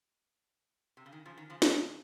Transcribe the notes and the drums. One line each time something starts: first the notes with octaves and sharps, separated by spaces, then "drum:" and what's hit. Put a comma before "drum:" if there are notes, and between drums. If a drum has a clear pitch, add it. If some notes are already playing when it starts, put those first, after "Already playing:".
C3
C#3
D#3
C#3 F3
D#3
C#3 F3
C#3 F3, drum: snare
C#3